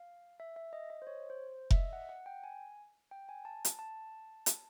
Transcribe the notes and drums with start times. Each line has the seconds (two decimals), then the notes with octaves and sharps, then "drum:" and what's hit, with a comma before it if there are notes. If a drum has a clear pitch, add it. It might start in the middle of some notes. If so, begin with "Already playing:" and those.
Already playing: F5
0.40 E5
0.56 E5
0.73 D#5
0.90 D#5
1.02 C5
1.07 C#5
1.30 C5
1.71 E5, drum: kick F1
1.76 D#5
1.93 F#5
2.09 F#5
2.26 G5
2.44 G#5
3.11 G5
3.29 G#5
3.45 A5
3.65 drum: hi-hat
3.79 A5
4.46 drum: hi-hat